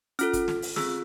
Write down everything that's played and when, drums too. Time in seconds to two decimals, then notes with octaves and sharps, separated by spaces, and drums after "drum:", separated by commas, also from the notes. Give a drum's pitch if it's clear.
0.19 C#4 F4 A4 F6, drum: hi-hat
0.33 drum: kick, hi-hat
0.48 drum: snare
0.62 drum: open hi-hat
0.76 C4 F4 G#4 E6, drum: snare